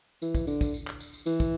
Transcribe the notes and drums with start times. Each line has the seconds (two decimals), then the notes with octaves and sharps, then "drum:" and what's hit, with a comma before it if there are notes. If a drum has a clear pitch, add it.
0.22 E3, drum: tambourine
0.35 drum: kick, tambourine
0.47 D3, drum: tambourine
0.61 drum: kick, tambourine
0.74 drum: tambourine
0.87 drum: clap
1.00 drum: tambourine
1.14 drum: tambourine
1.26 E3, drum: tambourine
1.40 drum: kick, tambourine